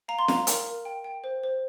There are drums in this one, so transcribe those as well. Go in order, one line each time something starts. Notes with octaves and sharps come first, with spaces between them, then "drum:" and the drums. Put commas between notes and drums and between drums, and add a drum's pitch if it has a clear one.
F5 A#5
C6
F5 A#5, drum: snare
A#4, drum: hi-hat
A#4
G5
G5
C5
C5